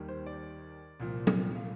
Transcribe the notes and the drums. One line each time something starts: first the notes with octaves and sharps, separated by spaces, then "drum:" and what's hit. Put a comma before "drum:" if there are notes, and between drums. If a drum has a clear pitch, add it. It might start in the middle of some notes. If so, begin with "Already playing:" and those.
Already playing: D#2 D#3 G3
C5
D5
C2 A#2 F3
drum: tom
F5